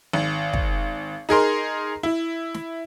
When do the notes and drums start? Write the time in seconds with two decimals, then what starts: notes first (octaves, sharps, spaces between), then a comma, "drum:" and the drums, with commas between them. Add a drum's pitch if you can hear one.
0.13 G#1
0.53 drum: kick
1.29 D#4 G#4 A#4 C6
2.03 E4
2.54 drum: snare